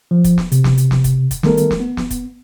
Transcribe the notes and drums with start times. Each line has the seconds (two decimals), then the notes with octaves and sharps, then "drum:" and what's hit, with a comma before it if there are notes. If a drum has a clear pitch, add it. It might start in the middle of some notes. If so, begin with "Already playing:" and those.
0.11 F3
0.24 drum: kick, hi-hat
0.38 drum: snare
0.52 C3, drum: hi-hat
0.64 drum: snare
0.78 drum: hi-hat
0.91 drum: snare
1.04 drum: kick, hi-hat
1.31 drum: kick, hi-hat
1.43 D#3 G3 A3 B3 A4 A#4, drum: snare
1.57 drum: hi-hat
1.71 drum: snare
1.80 B3
1.97 drum: snare
2.11 drum: kick, hi-hat